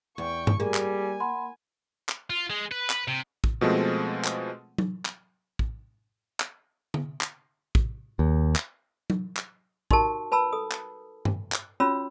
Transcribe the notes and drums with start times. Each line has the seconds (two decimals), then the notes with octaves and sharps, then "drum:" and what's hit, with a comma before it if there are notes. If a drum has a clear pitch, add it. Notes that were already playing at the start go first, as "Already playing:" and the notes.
0.18 E2 G5 C#6
0.47 drum: tom G2
0.60 G3 A#3 G#4 G#5
0.74 drum: clap
1.20 F#5 B5 C6
2.09 drum: clap
2.30 F4
2.50 G#3
2.71 B4
2.90 drum: clap
3.08 C3
3.44 drum: kick
3.61 B2 F3 G#3 A3 C4
4.25 drum: clap
4.78 drum: tom F#3
5.05 drum: clap
5.59 drum: kick
6.40 drum: clap
6.94 drum: tom D3
7.21 drum: clap
7.75 drum: kick
8.19 D#2
8.56 drum: clap
9.10 drum: tom F#3
9.37 drum: clap
9.91 D#4 F#4 G4 A#4 A5, drum: kick
10.32 B4 A5 B5 E6
10.53 A4 D#6
10.71 drum: clap
11.25 drum: tom G2
11.52 drum: clap
11.80 C#4 F4 F#4 C#5 B5 E6